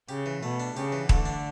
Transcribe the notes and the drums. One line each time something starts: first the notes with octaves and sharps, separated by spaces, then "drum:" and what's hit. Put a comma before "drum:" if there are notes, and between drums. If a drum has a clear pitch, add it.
C#3 G4
E3
B2 A3
D4
C#3 G4
E3
D3 A3, drum: kick D#1
D4